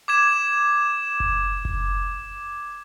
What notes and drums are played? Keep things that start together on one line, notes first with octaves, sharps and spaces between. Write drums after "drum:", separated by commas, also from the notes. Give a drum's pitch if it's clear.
D6 G#6 E7
drum: kick F#1
drum: kick F#1